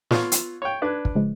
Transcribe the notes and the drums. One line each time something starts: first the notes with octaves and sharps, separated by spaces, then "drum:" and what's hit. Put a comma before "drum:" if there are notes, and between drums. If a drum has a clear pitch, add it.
B3 F4 C#5, drum: snare
E6, drum: hi-hat
C#5 G5
D4 B4 D6 G#6
drum: kick
C#3 F3 G#3